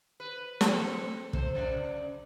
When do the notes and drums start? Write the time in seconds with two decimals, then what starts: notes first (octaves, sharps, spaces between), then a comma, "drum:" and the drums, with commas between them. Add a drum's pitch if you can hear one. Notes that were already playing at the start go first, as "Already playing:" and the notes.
0.20 B4
0.61 C4 A4, drum: snare
1.33 C3 C5, drum: kick
1.55 F#2 C#3 D5